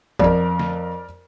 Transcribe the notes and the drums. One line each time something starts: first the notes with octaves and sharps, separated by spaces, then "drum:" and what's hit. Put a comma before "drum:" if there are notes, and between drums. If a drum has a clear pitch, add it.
F2 A#4 D5, drum: kick
drum: snare